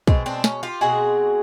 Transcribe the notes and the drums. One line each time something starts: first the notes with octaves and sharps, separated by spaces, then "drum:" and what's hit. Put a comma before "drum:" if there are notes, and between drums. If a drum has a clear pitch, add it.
B2 G#3 C4, drum: kick
C4 D4
C#4, drum: snare
F4 G4
B2 G#3 C4 F#4 G#4